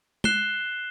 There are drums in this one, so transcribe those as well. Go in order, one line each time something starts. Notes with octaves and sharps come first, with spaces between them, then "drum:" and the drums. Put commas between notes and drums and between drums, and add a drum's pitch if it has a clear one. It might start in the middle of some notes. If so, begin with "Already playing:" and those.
F#6 C7 E7 G7, drum: tom G#3